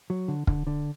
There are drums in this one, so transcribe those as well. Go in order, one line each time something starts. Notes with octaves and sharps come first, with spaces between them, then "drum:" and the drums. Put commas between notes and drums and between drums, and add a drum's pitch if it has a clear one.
F#3
D3
D3, drum: kick
D3